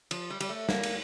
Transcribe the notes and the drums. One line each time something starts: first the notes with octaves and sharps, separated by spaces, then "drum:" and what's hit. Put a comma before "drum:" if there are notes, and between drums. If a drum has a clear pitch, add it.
F3, drum: cymbal
G3
G3, drum: cymbal
A3
A#3, drum: snare
drum: cymbal